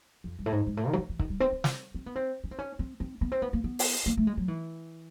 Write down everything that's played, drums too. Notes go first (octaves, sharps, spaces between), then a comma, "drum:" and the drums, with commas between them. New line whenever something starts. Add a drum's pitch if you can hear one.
F2
G2
A2
G#2
G#2
A2
D#3
F#3
F3
E3
D#3, drum: kick C#1
G3
C4
C4
drum: snare
C4
B3
C4
C#4
C4
C#4
C4
C4
B3
C4
B3
A#3
B3
drum: open hi-hat
A#3
A3
G#3
F#3
E3